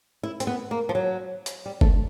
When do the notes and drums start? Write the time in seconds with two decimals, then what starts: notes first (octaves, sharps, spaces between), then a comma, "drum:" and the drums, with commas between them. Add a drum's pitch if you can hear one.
0.23 E4
0.40 C4, drum: hi-hat
0.47 B3
0.71 A#3
0.89 F3
0.95 F#3
1.46 drum: hi-hat
1.66 G3
1.81 A3, drum: kick